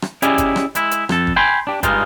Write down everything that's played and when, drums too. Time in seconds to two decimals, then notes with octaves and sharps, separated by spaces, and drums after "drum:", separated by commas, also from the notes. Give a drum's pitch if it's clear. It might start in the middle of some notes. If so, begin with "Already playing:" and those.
0.02 drum: rim click
0.22 C#4 E4 G4 G#4 D5 D#5, drum: hi-hat
0.38 drum: kick, hi-hat
0.56 drum: rim click
0.75 G#3 E4, drum: hi-hat
0.91 drum: hi-hat
1.09 F2 A4, drum: rim click
1.27 drum: kick
1.36 G5 G#5 B5 C6
1.67 D4 G4
1.83 G2 G3 G#3 D#4 F4, drum: kick, hi-hat